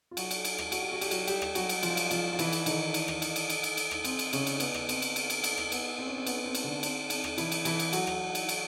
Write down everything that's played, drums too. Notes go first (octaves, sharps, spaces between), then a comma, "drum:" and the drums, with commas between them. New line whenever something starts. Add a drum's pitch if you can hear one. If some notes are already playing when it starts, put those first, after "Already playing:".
F4
F#3 F#4, drum: cymbal
drum: cymbal
drum: cymbal
drum: rim click
F#4, drum: cymbal
G4
F#4
G4, drum: cymbal
F#3 F#4, drum: cymbal
G3 G4, drum: cymbal
drum: rim click
F#3 F#4, drum: cymbal
drum: cymbal
F3 F4, drum: cymbal
drum: cymbal
F3 F4, drum: cymbal
F4
E3 E4, drum: cymbal
drum: cymbal
D#3 D#4, drum: cymbal
drum: cymbal
drum: rim click
drum: cymbal
drum: cymbal
drum: cymbal
drum: cymbal
drum: cymbal
drum: rim click
C4, drum: cymbal
drum: cymbal
C#3 C#4, drum: cymbal
drum: cymbal
B3, drum: cymbal
drum: rim click
C4, drum: cymbal
drum: cymbal
drum: cymbal
drum: cymbal
drum: cymbal
drum: rim click
B3, drum: cymbal
C4
C#4
C4
B3, drum: cymbal
C4
drum: cymbal
D3 D4
C4, drum: cymbal
C4, drum: cymbal
drum: rim click
E3 E4, drum: cymbal
drum: cymbal
E3 E4, drum: cymbal
drum: cymbal
F#3 F#4, drum: cymbal
drum: rim click
drum: cymbal
drum: cymbal